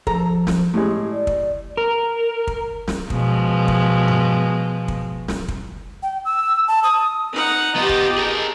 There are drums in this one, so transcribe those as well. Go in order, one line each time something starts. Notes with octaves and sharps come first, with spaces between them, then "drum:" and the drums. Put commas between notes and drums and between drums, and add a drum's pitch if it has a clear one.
F3 A4 A#5, drum: kick
drum: snare
A2 G#3 G4
D5
drum: kick
A#4
drum: kick
drum: snare
B2 F3 G#3, drum: kick
drum: kick
drum: tom F#2
drum: kick
drum: snare
drum: kick
G5
E6
A5
D#6
D#4 F#5
B3 F4 G4 D#5 A5
drum: kick
G#4 A#4